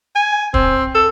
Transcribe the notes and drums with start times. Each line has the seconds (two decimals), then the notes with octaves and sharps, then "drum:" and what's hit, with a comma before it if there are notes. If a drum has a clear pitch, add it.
0.16 G#5
0.54 C4, drum: kick
0.95 A4